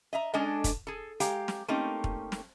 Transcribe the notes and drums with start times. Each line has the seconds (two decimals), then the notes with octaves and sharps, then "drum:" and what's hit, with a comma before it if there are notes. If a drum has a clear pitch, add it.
0.13 D#5 E5 A#5
0.34 G#3 C#4 D4 A4 D#5
0.64 drum: kick, hi-hat
0.87 G#4 A4
1.20 G#3 G4 F5 A#5, drum: hi-hat
1.48 drum: snare
1.68 A3 A#3 C4 C#4 D#4 G4
2.04 drum: kick
2.32 drum: snare